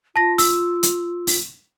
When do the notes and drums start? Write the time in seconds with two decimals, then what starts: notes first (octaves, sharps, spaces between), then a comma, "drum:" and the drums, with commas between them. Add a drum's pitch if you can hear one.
0.16 F4 A5 A#6
0.38 E6, drum: open hi-hat
0.83 drum: hi-hat
1.27 drum: open hi-hat